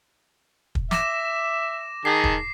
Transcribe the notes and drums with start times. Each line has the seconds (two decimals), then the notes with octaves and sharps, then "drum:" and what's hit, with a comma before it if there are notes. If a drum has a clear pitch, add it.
0.75 drum: kick
0.91 E5 D6 A#6 E7, drum: snare
2.05 D#3 G#4 A5 C7
2.24 drum: kick